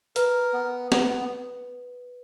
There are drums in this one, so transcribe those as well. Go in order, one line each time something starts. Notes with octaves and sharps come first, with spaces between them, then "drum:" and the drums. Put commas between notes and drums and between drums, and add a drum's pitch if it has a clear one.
A#4 B4, drum: hi-hat
B3
B3, drum: snare